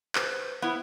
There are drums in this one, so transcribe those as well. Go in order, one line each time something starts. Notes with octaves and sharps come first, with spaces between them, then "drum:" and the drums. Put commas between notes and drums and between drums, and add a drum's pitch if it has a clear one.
B4 C5, drum: clap
B3 E4